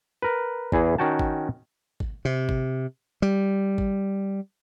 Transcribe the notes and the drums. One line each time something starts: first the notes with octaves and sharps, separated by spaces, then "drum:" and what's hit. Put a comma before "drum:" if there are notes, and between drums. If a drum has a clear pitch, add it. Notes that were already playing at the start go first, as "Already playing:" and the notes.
A#4 B4
E2 E3 G#4, drum: kick
D#3 C#4 F#4 G5 A5
drum: kick
drum: kick
C3
drum: kick
G3
drum: kick